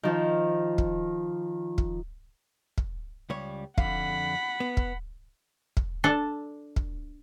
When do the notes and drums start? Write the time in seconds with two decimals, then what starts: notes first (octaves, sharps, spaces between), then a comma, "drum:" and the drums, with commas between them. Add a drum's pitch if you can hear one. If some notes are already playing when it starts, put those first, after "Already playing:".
0.03 D#3 F3
0.78 drum: kick
1.78 drum: kick
2.78 drum: kick
3.30 C#2 G3 C#5
3.78 F2 D3 F5 F#5 B5, drum: kick
4.60 B3
4.77 drum: kick
5.77 drum: kick
6.04 D4 A4
6.76 drum: kick